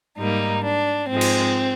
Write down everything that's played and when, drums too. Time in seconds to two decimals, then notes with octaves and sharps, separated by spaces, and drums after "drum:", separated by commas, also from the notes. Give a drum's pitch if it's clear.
0.17 G#2 G3 A#3 D#4
0.64 D4
1.09 G#2 F3 G#3 C4
1.21 drum: cymbal